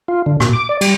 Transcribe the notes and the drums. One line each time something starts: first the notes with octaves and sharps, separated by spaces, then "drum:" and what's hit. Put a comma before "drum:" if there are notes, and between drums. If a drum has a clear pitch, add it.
F4
D3
A#2, drum: rim click
D6
D5
G3, drum: cymbal